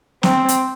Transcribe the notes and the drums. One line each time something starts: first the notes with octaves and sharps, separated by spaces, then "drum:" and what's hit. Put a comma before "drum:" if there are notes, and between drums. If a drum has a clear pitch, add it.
C4, drum: snare
drum: hi-hat